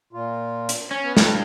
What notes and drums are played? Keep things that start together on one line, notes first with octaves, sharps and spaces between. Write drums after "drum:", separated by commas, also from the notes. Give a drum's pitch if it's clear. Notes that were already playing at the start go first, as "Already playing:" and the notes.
A#2 F4
drum: hi-hat
C#4
B3
G2, drum: snare